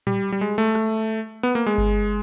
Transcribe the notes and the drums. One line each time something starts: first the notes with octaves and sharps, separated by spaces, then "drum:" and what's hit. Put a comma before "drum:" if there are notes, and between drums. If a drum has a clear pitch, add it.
G3, drum: tom A2
G3
G#3
A3
drum: rim click
B3
A#3
G#3
drum: kick G1